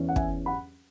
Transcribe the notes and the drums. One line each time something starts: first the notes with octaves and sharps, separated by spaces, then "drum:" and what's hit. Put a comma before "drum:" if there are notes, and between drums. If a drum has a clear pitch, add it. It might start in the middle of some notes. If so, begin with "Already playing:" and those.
Already playing: E2 E3 C#4
F#5
E5 G#5, drum: kick
F#5 B5